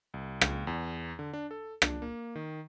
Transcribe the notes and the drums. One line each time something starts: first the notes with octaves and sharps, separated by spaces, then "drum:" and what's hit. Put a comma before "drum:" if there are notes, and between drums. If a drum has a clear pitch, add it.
C2
C#2, drum: rim click
E2
D3
D4
A4
D4, drum: rim click
A#3
D#3